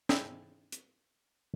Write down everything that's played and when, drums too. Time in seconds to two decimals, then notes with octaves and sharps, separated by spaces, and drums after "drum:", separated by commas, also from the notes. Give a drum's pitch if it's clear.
0.09 C4 D#4 E4 G#4 C5, drum: snare
0.72 drum: hi-hat